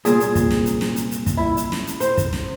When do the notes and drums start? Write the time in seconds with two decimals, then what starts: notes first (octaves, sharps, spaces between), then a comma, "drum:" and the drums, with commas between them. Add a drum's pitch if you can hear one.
0.05 C2 A#2 G#4, drum: hi-hat
0.20 drum: hi-hat
0.35 drum: kick, hi-hat
0.50 drum: snare
0.66 drum: hi-hat
0.81 drum: snare
0.96 drum: hi-hat
1.11 drum: hi-hat
1.26 drum: kick, hi-hat
1.37 E4
1.57 drum: hi-hat
1.72 drum: snare
1.87 drum: hi-hat
2.00 C5, drum: hi-hat
2.17 drum: kick, hi-hat
2.33 drum: snare